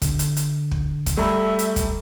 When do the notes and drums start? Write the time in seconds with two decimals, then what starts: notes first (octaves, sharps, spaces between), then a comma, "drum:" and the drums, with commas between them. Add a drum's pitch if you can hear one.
0.02 D3, drum: kick, hi-hat
0.19 drum: hi-hat
0.37 drum: hi-hat
0.71 drum: kick
1.06 drum: kick, hi-hat
1.17 G3 A3 A4 E5 A#5 B5
1.59 drum: hi-hat
1.76 drum: kick, hi-hat